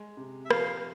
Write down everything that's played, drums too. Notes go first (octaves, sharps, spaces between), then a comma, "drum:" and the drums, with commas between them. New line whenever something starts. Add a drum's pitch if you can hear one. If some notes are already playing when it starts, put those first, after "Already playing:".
Already playing: G#3
C3
E5
F3 F5, drum: rim click